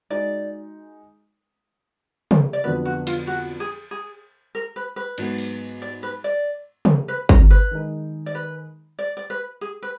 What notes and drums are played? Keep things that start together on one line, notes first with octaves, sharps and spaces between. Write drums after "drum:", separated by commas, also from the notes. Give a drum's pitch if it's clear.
G#3 D#4 F#4 D5
drum: tom
D5
F2 D3 F#3 B3 B4
F#4
F4, drum: cymbal
F#4
G#4
G#4
A#4
B4
B4
G#2 F#3 B3, drum: cymbal
drum: open hi-hat
D5
B4
D5
drum: tom
B4
A#4, drum: kick
B4
D#3 G#3 D#4
D5
B4
D5
D5
B4
G#4
B4